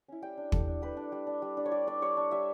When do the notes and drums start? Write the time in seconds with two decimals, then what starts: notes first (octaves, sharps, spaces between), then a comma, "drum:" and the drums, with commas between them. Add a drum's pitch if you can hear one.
0.08 C#4 E4
0.22 G3 G5
0.37 D4
0.52 G3 A4, drum: kick
0.68 D4
0.82 G3 B4
0.97 D4
1.12 G3
1.27 D4
1.42 G3
1.57 D4
1.66 C#5
1.71 G3 D5
1.87 D4 D5
2.02 G3 C#5
2.17 D4
2.31 G3 E5